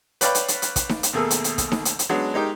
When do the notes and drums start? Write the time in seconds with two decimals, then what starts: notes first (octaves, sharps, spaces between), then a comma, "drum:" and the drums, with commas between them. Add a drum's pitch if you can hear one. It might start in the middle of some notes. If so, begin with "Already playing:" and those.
0.21 B4 C#5 D5 F5 G5 B5, drum: hi-hat
0.35 drum: hi-hat
0.48 drum: hi-hat
0.62 drum: hi-hat
0.76 drum: kick, hi-hat
0.89 drum: snare D#4
1.03 drum: hi-hat
1.13 D#2 B2 A3 G#4 A#4 E6
1.31 drum: hi-hat
1.44 drum: hi-hat
1.58 drum: kick, hi-hat
1.72 drum: snare D#4
1.85 drum: hi-hat
1.99 drum: hi-hat
2.09 F#3 G#3 B3 C#4 D4 F#4
2.34 G#3 D#4 G4 A#4